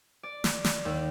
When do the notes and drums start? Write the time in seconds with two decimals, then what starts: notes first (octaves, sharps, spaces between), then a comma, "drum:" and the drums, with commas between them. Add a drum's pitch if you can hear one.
0.23 D5
0.44 drum: snare
0.64 drum: snare
0.85 D#2